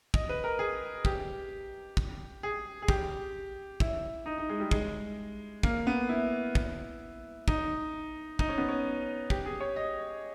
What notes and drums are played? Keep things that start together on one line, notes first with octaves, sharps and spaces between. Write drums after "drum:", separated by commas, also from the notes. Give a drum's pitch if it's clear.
D#5, drum: kick
B4
A#4
G#4
G4, drum: kick
drum: kick
G#4
G#4
G4, drum: kick
E4, drum: kick
D#4
D#4
G#3
G3
G#3, drum: kick
A#3, drum: kick
B3
E4
drum: kick
D#4, drum: kick
D#4, drum: kick
C#4
B3
C#4
G4, drum: kick
G#4
C#5
D#5